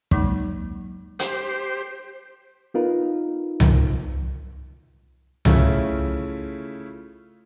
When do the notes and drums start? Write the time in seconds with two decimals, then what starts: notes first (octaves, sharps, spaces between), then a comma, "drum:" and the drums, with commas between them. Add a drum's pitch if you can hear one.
0.11 F#3 G#3 A#3 D#4, drum: kick
1.19 G4 C5, drum: hi-hat
2.74 B3 D#4 F4 A#4 B4
3.60 drum: tom C2
5.45 C#3 A3 C#4 E4 F4, drum: tom C2